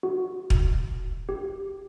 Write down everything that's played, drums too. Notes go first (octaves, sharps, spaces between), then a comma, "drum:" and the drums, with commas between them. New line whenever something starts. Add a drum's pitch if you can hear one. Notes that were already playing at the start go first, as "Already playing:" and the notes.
F#4
drum: kick
G4